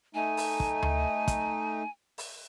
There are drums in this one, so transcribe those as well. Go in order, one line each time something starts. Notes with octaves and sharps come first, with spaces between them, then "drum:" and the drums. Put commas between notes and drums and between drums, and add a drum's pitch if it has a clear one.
A3 D#4 G#5
drum: open hi-hat
drum: kick
drum: tom D2
drum: kick, hi-hat
drum: open hi-hat